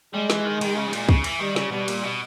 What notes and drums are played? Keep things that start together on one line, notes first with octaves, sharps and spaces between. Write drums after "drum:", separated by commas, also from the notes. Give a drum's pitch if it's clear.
G3 G#3
E3, drum: snare
D#3
D#3, drum: cymbal
C#3
G#2
A#2, drum: cymbal
C#3, drum: kick
E3, drum: cymbal
D#3 G3
C#3, drum: snare
B2 G3
A#2, drum: cymbal
B2